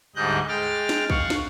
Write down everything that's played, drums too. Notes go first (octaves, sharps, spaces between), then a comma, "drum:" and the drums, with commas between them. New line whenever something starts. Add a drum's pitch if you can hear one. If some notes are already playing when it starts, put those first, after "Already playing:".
D2 G#2 G3 D#5 F#6 G6
G#3 G5 F6 A6
drum: snare
F5 F#5 C#6, drum: kick C2
drum: snare